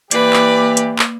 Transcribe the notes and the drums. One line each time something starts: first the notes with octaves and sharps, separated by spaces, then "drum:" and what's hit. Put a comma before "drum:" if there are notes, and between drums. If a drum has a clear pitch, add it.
E3 A#3 G4 B4 D5, drum: hi-hat
drum: clap
drum: hi-hat
drum: clap